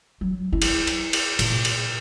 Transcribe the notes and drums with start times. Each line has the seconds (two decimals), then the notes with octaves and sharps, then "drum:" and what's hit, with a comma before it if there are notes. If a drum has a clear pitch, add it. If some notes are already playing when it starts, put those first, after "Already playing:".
0.21 F#3
0.53 E4
0.62 drum: cymbal
0.87 drum: cymbal
1.13 drum: cymbal
1.39 A#2, drum: cymbal
1.65 drum: cymbal